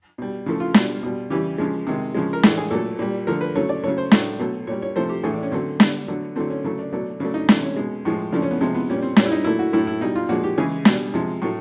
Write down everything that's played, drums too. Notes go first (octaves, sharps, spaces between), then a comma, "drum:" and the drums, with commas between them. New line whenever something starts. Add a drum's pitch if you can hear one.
B2 G3
C#3 F3 A3
F4
B2 G3, drum: snare
B2 G3
C#3 E3 G3 G4
C#3 F3 G#3
C3 D#3 G#3
C#3 F3 G#3
A#4
A2 E3 G#3 A4, drum: snare
G#4
A#2 F#3 A3 A4
A#2 G3
D3 F3 A3 A#4
B4
C#3 F#3 A3 C#5
D5
C#3 F#3 A3 C#5
C5
A2 F#3 A3, drum: snare
B2 F#3 A3
A#2 G3 C#5
C#5
C3 F3 A3 C5
G4
A2 E3 A3 G#4
D4
C#4
D3 F#3 A3 C4
D3 G3 B3, drum: snare
D3 F#3 A3
D3 F#3 A3 C4
C#4
C#3 F#3 A3
D4
B2 F#3 A3 D4
C#3 F#3 A3 D4
D#4
C3 E3 A3, drum: snare
C#4
B2 G#3
A2 F3 G#3
C#3 F3 A3 D4
C#4
B3
C3 F3 G#3 C4
B3
A#2 G3 C#4
C4
A#2 G3 C#4, drum: snare
E4
D#4
A#2 F#3 A3 E4
F#4
A2 F#3 A3 E4
E4
B2 G3 D#4
F4
A#2 F3 G#3 F#4
G4
C#3 E3 G#3 G#4
B2, drum: snare
G3
C3 F3 G#3
A2 F#3 A3